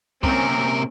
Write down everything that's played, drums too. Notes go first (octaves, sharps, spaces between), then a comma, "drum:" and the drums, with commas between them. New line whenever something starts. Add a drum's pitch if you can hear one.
C3 A#3 C4 C#4 A#4, drum: kick C2